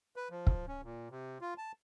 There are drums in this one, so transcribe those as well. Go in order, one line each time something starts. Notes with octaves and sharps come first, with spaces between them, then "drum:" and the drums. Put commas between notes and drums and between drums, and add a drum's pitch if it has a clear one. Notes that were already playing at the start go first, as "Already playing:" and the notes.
B4
F3
drum: kick
C#4
A#2
C3
F4
A5